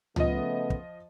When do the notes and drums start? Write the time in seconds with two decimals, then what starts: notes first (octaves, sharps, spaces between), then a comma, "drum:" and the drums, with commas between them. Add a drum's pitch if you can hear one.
0.16 C#3 F3 A3 B3 D#5, drum: tom C#2
0.70 drum: kick